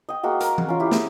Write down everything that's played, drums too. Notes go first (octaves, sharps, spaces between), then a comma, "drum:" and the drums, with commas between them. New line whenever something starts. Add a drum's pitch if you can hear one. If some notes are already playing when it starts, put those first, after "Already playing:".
D#5 G5
G#3 A#3 F#4
A#4, drum: hi-hat
drum: tom E3
C#4 F4
E4 G4
G#4, drum: snare